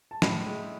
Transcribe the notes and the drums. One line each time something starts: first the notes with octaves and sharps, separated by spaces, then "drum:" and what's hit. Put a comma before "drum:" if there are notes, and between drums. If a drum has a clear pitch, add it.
A5
A2 B5, drum: snare
G#3